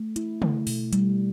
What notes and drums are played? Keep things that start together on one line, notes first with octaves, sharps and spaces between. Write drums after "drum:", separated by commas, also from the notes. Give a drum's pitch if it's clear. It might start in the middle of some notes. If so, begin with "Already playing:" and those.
Already playing: A3
E4, drum: hi-hat
A3, drum: tom C#3
B2, drum: open hi-hat
G3, drum: hi-hat